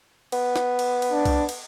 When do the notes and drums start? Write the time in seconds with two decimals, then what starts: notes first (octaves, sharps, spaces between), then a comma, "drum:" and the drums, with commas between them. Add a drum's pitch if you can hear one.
0.32 B3, drum: cymbal
0.56 drum: snare
0.79 drum: cymbal
1.02 drum: cymbal
1.11 D4
1.25 drum: kick C2, cymbal
1.49 drum: cymbal